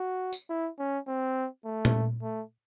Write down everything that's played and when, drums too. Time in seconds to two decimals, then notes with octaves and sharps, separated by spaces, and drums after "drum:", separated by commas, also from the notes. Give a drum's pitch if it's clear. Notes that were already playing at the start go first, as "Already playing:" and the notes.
Already playing: F#4
0.33 drum: tambourine
0.50 E4
0.79 C#4
1.08 C4
1.65 A3
1.85 drum: tom A#2
2.23 A3